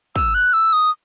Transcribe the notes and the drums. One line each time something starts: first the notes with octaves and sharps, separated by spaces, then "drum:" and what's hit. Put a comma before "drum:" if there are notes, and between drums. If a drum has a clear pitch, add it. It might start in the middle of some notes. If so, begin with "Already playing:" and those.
E6, drum: kick
F#6
E6
D#6